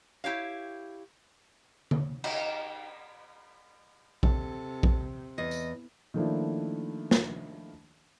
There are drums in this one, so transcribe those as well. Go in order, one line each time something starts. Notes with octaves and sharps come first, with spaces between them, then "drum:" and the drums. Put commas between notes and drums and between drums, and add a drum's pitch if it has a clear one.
E4 G4 C#5 F5
drum: tom D3
D#4 G4 D#5, drum: cymbal
C3 A4, drum: kick A#1
drum: kick A#1
E2 D#5
drum: tambourine
D#3 F3 A3 A#3 D4 E4
drum: snare